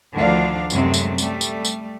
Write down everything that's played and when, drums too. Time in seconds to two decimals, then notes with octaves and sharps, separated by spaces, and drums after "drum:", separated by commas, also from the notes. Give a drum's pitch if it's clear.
0.12 D2 D3 D#3 F3 D4 F5
0.70 F#2 C3 G#3 A3 C4, drum: tambourine
0.94 drum: tambourine
1.18 G3 A3, drum: tambourine
1.41 drum: tambourine
1.65 drum: tambourine